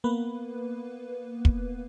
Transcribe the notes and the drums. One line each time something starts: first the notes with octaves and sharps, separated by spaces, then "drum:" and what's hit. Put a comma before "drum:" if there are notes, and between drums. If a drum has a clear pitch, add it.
A#3 B3 B4
drum: kick